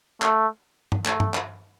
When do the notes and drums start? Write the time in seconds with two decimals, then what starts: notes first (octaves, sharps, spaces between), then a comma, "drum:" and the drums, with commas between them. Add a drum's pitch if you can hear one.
0.22 A3, drum: clap
0.92 drum: tom G2
1.06 A3, drum: clap
1.20 drum: tom G2
1.34 drum: clap